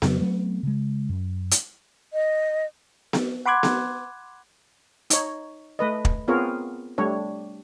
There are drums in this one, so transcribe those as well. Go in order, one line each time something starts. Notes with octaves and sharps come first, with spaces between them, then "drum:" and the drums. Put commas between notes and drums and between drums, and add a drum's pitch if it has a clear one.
F2 C#3 F#3, drum: snare B3
F#3 A3 B3 C4
C#3 G#3
F#2
drum: hi-hat
D#5
drum: snare B3
F#5 B5 C6 D6 F#6 G#6
drum: snare B3
D#4 C#5, drum: hi-hat
A3 B4 D#5
drum: kick
B3 C4 F4 G#4 A#4 C#5
G3 A3 D4 C#5